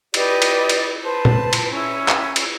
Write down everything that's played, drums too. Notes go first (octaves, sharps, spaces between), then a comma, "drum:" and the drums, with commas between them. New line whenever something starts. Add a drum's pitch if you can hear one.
G4 B4 D5 D#5, drum: cymbal
drum: cymbal
drum: cymbal
B4 C5 A5
drum: tom A#2
drum: cymbal
C#4 E4
drum: clap
drum: cymbal